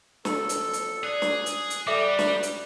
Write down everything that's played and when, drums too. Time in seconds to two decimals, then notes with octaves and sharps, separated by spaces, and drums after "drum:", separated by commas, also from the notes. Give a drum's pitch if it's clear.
0.25 F#1 F2 A4, drum: snare
0.49 drum: hi-hat
0.73 drum: hi-hat
1.04 G#4 D5 F#6
1.22 drum: snare
1.46 drum: hi-hat
1.70 drum: hi-hat
1.87 G3 A4 D5 E5 D6
2.19 drum: snare
2.43 drum: hi-hat